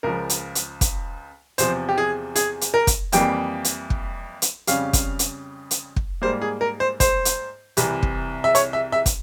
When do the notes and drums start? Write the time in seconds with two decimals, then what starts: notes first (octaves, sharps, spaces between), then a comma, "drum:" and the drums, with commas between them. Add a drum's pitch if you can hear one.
0.03 C#2 C#3 F3 A#4
0.30 drum: hi-hat
0.55 drum: hi-hat
0.81 drum: kick, hi-hat
1.58 E2 C3 F3 C5, drum: hi-hat
1.89 G4
1.98 G#4
2.35 G#4, drum: hi-hat
2.61 drum: hi-hat
2.74 A#4
2.87 drum: kick, hi-hat
3.12 F2 E3 G3 A#3 G5, drum: hi-hat
3.64 drum: hi-hat
3.90 drum: kick
4.42 drum: hi-hat
4.67 F2 C#3 G3 C#4 F5, drum: hi-hat
4.93 drum: kick, hi-hat
5.19 drum: hi-hat
5.71 drum: hi-hat
5.96 drum: kick
6.22 G#2 G3 A#3 C5
6.42 G#4
6.61 A#4
6.80 C5
7.00 C5, drum: kick, hi-hat
7.25 drum: hi-hat
7.77 C2 C3 E3, drum: hi-hat
8.03 drum: kick
8.44 E5
8.55 C#5, drum: hi-hat
8.73 E5
8.92 E5
9.06 drum: kick, hi-hat